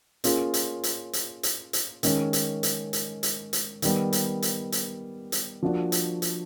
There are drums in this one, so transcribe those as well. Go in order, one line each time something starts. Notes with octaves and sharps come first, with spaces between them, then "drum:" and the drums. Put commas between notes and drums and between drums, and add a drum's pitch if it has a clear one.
A#3 C#4 F4 G#4, drum: hi-hat
drum: hi-hat
drum: hi-hat
drum: hi-hat
drum: hi-hat
drum: hi-hat
D#3 G#3 C#4, drum: hi-hat
drum: hi-hat
drum: hi-hat
drum: hi-hat
drum: hi-hat
drum: hi-hat
D#3 G3 B3, drum: hi-hat
drum: hi-hat
drum: hi-hat
drum: hi-hat
drum: hi-hat
F3 A#3 D4 F#4
drum: hi-hat
drum: hi-hat